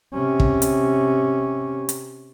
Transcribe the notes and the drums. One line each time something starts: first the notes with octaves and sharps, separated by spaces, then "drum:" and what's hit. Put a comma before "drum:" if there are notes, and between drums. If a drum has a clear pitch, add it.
C3 C#4
drum: kick
drum: hi-hat
drum: hi-hat